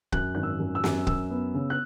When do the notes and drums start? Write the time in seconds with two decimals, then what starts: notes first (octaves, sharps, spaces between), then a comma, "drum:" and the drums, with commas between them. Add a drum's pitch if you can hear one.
0.12 F#2 F#6, drum: kick
0.35 G#1 F#6
0.43 E6
0.59 F#2
0.75 E6
0.84 F#2, drum: snare
1.07 F#2 E6, drum: kick
1.30 B3
1.54 C#3
1.70 F#6